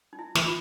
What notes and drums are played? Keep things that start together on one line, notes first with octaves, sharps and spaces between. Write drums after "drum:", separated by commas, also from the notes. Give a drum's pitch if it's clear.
D#4
E4
E3, drum: snare
F4